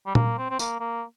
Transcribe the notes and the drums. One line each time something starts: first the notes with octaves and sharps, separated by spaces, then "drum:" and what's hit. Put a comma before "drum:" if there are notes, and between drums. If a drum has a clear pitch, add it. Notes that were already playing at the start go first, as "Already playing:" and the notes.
G3
A#3, drum: tom A#2
C4
C4
A#3, drum: tambourine
A#3